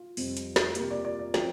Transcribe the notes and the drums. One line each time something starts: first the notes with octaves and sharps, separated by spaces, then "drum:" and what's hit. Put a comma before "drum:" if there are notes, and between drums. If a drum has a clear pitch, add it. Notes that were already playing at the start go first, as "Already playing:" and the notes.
Already playing: F4
F2 C3 G3 C4, drum: open hi-hat
drum: hi-hat
drum: snare
C3 A#3 G4, drum: hi-hat
D5
D5
D5
F3 C4 G5, drum: snare